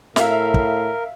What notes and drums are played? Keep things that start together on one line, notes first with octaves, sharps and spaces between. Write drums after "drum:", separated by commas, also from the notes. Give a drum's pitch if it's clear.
A2 A#4 E5 F5, drum: snare
drum: kick